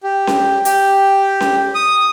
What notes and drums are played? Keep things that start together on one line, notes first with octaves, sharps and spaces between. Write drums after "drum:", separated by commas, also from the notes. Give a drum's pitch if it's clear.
G4
drum: snare C#4
G4, drum: hi-hat
drum: snare C#4
D#6